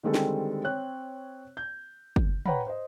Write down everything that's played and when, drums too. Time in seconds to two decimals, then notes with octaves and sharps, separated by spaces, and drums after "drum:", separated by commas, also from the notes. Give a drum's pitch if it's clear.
0.03 D3 D#3 G3 G#3 C4 A4
0.14 drum: snare
0.64 C4 C#5 F#6
1.57 G6
2.16 drum: kick
2.46 B4 C#5 F#5 G5 A#5 B5, drum: tom
2.67 C5 D#5